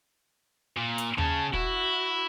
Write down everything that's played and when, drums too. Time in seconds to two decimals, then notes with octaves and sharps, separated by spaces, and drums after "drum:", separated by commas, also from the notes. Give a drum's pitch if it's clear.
0.77 A#2
0.98 drum: hi-hat
1.18 C#3 C#4 A5, drum: tom D#2
1.53 E4 F#4, drum: kick